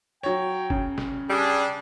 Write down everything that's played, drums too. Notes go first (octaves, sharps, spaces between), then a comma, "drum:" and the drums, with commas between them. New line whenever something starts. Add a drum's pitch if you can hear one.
F#3 C#5 G5
C#3, drum: kick G1
drum: snare
G3 D4 G#4